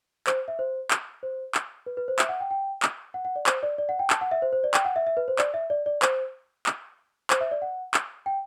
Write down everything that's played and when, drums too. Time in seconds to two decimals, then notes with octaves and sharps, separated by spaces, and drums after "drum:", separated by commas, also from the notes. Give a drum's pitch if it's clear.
0.27 C5, drum: clap
0.48 E5
0.59 C5
0.91 drum: clap
1.23 C5
1.55 drum: clap
1.86 B4
1.97 B4
2.08 C5
2.19 E5, drum: clap
2.29 F#5
2.40 G5
2.51 G5
2.82 drum: clap
3.14 F#5
3.25 F#5
3.36 D5
3.46 C5, drum: clap
3.63 D5
3.78 D5
3.89 F#5
3.99 G5
4.10 A5, drum: clap
4.21 F#5
4.31 E5
4.42 C5
4.53 C5
4.64 D5
4.74 G5, drum: clap
4.85 F#5
4.96 E5
5.07 E5
5.17 B4
5.28 C5
5.39 D5, drum: clap
5.54 E5
5.70 D5
5.86 D5
6.02 C5, drum: clap
6.66 drum: clap
7.30 C5, drum: clap
7.41 E5
7.51 D5
7.62 F#5
7.94 drum: clap
8.26 G5